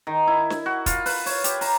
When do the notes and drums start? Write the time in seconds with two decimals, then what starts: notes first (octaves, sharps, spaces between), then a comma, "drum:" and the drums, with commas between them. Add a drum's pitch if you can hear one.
0.07 D#3
0.27 E4
0.50 drum: snare
0.66 F#4
0.86 F4, drum: kick, hi-hat
1.06 B4, drum: open hi-hat
1.26 C#5, drum: open hi-hat
1.44 G4, drum: hi-hat
1.61 A#5, drum: open hi-hat